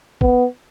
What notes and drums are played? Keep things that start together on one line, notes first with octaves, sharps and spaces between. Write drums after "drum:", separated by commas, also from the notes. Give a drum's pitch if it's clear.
B3, drum: kick